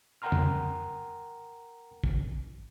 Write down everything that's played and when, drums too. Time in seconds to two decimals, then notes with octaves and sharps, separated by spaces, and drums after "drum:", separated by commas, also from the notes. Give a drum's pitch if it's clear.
0.22 A#4 F#5 G5 A#5 C6 F6
0.32 drum: tom
2.04 drum: kick